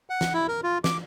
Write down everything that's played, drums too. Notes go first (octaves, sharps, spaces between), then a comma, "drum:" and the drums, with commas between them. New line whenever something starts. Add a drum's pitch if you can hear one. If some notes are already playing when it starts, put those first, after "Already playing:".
F#5
drum: snare
E4
A#4
F4
D6, drum: snare